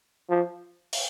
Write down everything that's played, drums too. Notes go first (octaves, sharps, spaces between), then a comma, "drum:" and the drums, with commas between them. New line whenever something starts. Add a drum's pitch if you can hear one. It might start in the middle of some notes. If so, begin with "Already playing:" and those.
F3
drum: open hi-hat